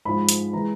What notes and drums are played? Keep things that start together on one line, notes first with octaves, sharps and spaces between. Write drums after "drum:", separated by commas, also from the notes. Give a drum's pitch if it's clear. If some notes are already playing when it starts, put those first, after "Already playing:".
G#2 F3 G#3 B5
drum: hi-hat
E3 G#3 A#5